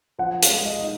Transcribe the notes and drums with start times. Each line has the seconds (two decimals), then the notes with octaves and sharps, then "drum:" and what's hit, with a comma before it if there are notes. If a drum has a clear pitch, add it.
0.18 F3 F#5
0.43 F5, drum: hi-hat
0.50 G#3
0.66 D#5
0.80 D#4